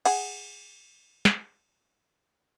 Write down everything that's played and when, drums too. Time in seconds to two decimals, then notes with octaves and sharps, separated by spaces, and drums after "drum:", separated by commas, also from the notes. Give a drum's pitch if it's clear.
0.05 G#4 F#5, drum: cymbal
1.25 drum: snare